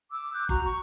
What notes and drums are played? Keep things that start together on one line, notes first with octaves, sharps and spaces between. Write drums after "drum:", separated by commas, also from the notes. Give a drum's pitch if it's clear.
D6 E6
D6 F#6 G6
F#4 A#5, drum: kick G1
C#6